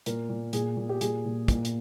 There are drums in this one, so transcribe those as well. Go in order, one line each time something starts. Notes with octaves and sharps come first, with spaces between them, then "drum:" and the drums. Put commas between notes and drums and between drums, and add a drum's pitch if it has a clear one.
A#2 A#4, drum: hi-hat
A#2
A#2 G#4, drum: hi-hat
A#2
G4
A#2 G#4, drum: hi-hat
A#2
A#2, drum: kick, hi-hat
drum: hi-hat